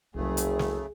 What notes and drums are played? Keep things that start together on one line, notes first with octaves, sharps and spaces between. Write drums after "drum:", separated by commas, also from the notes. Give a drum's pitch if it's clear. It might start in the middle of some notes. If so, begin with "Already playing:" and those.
F#1 C2 C#3 F#3 A3 G#4
drum: hi-hat
drum: snare